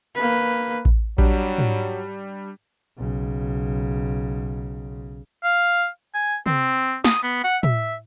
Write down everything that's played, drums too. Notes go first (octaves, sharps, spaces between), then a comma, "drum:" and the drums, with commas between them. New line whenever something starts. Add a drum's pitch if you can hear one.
A#3 B4
drum: kick A1
F#3 G3 D4, drum: kick A1
drum: tom
B1 C#3
F5
G#5
C4, drum: tom
D#6, drum: snare
B3
F#5
E5, drum: tom